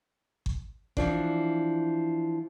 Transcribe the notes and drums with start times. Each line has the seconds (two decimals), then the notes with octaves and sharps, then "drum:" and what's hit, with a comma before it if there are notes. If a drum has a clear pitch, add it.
0.46 drum: kick G1
0.97 E3 F3 D4, drum: kick G1